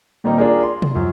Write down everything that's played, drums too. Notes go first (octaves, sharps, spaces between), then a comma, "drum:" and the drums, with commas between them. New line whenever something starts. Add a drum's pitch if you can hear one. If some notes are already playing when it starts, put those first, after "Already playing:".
A#2 D#3 G3 A#3 C4 D#4
D4 F4 G#4 A#4
C6
drum: tom
F#2 F3